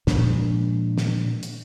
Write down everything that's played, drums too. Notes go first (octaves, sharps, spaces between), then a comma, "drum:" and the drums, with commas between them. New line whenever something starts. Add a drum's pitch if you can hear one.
A#2 F3 G#3 D4, drum: snare
drum: snare
drum: hi-hat